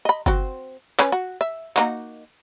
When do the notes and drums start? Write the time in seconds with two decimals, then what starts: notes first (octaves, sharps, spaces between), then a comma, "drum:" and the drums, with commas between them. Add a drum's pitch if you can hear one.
0.05 D#5 B5
0.26 C4 F#4, drum: kick G1
0.99 C#4 B4, drum: clap
1.12 F#4
1.41 E5
1.76 A#3 D#4 F#4, drum: clap